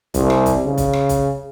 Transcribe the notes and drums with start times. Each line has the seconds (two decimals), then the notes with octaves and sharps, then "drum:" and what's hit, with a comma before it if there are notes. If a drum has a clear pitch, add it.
0.14 C2, drum: kick B1, hi-hat
0.30 drum: rim click
0.46 drum: kick B1, hi-hat
0.65 C#3
0.78 drum: kick B1, hi-hat
0.93 drum: rim click
1.09 drum: kick B1, hi-hat